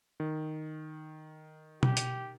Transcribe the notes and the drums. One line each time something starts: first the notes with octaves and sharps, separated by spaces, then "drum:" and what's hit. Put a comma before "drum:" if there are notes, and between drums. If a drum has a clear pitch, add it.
D#3
G4, drum: tom
drum: hi-hat